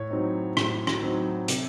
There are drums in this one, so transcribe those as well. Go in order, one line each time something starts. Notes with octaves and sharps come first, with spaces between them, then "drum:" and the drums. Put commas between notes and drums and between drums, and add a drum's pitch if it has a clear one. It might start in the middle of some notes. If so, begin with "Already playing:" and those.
Already playing: A2 C#5
F#3 C4 D#4
A2, drum: rim click
drum: rim click
F#3 C4 D#4
C3, drum: hi-hat